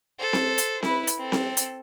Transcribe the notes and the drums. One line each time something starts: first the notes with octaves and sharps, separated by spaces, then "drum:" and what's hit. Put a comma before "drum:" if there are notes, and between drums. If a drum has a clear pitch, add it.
A4 C5
drum: snare C4
drum: hi-hat
E4 B4, drum: snare C4
drum: hi-hat
C4 A4
drum: snare C4
drum: hi-hat